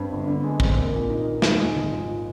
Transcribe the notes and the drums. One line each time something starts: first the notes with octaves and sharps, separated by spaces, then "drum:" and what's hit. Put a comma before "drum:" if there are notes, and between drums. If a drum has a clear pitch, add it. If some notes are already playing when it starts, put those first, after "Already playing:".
Already playing: G2 C4
G1
D3
G#3
C4, drum: kick
A#3
A#2
D#4
D#3
D#2, drum: snare
G#3
G#1
F3
F3